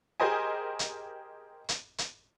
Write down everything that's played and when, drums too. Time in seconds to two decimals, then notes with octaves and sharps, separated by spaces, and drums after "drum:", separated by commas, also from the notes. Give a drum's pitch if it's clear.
0.20 G4 G#4 A#4 C5 D#5 G#5
0.79 drum: hi-hat
1.69 drum: hi-hat
1.98 drum: hi-hat